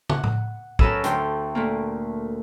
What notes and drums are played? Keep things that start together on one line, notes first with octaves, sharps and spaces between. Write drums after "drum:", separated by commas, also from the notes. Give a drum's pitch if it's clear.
F#5, drum: tom
drum: tom A2
F#2 F#3 A4 B4 D#6 E6, drum: kick
D2 G5 C6, drum: hi-hat
A#2 A3 A#3